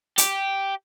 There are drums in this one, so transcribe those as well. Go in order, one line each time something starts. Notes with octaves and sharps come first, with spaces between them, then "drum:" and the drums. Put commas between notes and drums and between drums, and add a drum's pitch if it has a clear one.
G4, drum: hi-hat